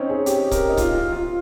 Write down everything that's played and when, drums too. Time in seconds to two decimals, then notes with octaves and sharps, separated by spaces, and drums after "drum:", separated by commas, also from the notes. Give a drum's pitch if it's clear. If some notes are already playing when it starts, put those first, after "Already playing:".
Already playing: C4 C#4 D#4
0.09 G#4
0.26 G4, drum: hi-hat
0.51 A#4, drum: kick C#1, hi-hat
0.69 D#4
0.77 F4, drum: kick C#1, hi-hat
0.95 F4
1.12 F4